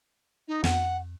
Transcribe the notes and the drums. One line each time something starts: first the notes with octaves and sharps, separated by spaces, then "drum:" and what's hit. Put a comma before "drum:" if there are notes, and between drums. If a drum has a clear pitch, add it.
D#4
F2 F#5, drum: snare